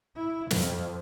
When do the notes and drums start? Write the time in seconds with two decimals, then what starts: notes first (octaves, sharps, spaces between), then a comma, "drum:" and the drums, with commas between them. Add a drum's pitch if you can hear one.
0.15 E4
0.51 F2, drum: snare